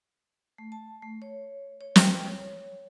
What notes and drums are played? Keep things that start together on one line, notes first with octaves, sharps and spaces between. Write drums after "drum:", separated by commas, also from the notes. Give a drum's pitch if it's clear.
A3
A5
A3
C#5
C#5
G5, drum: snare
C#5